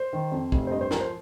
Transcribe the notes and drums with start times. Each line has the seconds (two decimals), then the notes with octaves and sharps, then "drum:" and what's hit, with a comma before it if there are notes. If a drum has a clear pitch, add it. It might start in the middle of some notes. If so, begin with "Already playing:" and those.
Already playing: C5
0.13 D#3
0.32 F2
0.52 F1, drum: kick
0.67 C5
0.71 G2 D#5
0.81 C5
0.91 F3 A#4, drum: snare
1.01 C5